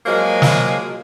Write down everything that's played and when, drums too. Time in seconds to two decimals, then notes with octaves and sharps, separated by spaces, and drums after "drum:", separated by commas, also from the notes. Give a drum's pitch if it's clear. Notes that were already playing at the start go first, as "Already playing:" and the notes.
0.06 F3 F#3 G#3 A#3
0.42 drum: snare